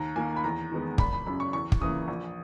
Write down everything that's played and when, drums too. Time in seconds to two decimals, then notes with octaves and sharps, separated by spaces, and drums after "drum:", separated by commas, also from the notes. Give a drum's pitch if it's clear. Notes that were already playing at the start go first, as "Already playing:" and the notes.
Already playing: D#2 A#5
0.16 D#3 A#3 G#5
0.36 B5
0.44 E2 A#5
0.71 D#3 G#3 B3
0.98 G#1 B5, drum: kick
1.13 B5
1.26 F#2 C#3 B5
1.40 C#6
1.53 E2 C#6
1.72 drum: kick
1.81 C#3 E3 A#3 D#6
2.08 A#1